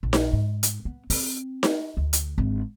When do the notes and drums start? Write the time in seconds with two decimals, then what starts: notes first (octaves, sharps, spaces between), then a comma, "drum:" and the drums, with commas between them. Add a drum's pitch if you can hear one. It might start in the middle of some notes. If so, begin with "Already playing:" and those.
0.03 A#1
0.13 drum: snare D#4
0.33 G#2
0.63 drum: hi-hat
0.85 B3
1.10 C4, drum: open hi-hat
1.63 drum: snare D#4
1.97 D2
2.13 drum: hi-hat
2.38 G#1 D4